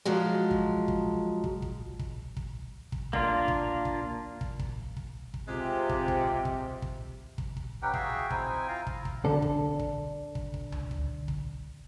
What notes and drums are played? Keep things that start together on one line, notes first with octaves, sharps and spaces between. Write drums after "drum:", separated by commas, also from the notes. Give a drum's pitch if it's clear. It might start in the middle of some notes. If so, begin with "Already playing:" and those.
F3 F#3 G#3
drum: kick
drum: kick
drum: kick
drum: kick
drum: kick
drum: kick
drum: kick
A#3 D4 F4, drum: kick
drum: kick
drum: kick
drum: kick
drum: kick
drum: kick
drum: kick
C3 G#3 F4 G4
drum: kick
drum: kick
drum: kick
drum: kick
drum: kick
drum: kick
C#4 D#4 G4 B4 F#5 G5
F#4 G#4 E5 F5 G5, drum: kick
C4 D#4 E4 G5 G#5, drum: kick
F4 F5 A#5
drum: kick
drum: kick
D3 A4
drum: kick
drum: kick
drum: kick
drum: kick
drum: tom C#2
drum: kick
drum: kick